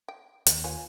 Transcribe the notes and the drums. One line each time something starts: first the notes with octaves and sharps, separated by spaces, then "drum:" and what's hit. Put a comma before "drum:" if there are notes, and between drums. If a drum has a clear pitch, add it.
G5
D#2, drum: hi-hat
F4 B4 C#5 G#5